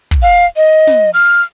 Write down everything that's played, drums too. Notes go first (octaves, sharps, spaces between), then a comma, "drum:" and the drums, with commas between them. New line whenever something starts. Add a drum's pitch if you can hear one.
drum: kick
F5
D#5
drum: snare
F6